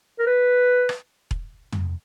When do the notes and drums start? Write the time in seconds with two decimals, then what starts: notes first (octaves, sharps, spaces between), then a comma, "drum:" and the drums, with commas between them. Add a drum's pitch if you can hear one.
0.19 A#4
0.27 B4
0.89 drum: rim click
1.31 drum: kick E1
1.72 drum: tom